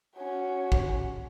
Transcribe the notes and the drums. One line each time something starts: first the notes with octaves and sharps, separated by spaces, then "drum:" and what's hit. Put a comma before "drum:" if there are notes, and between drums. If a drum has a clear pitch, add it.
C#4 F#4
drum: kick